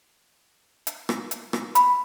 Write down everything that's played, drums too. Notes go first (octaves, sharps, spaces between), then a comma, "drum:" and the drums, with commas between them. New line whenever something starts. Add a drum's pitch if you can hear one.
drum: hi-hat
drum: rim click
drum: hi-hat
drum: rim click
B5, drum: hi-hat